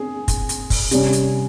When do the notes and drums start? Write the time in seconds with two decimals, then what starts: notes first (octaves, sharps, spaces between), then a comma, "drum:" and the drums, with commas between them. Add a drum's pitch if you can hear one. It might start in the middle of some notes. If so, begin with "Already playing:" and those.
Already playing: C4 G#4
0.28 drum: kick, hi-hat
0.49 drum: hi-hat
0.70 drum: kick, open hi-hat
0.91 C3 G3 C#4, drum: hi-hat
1.13 drum: hi-hat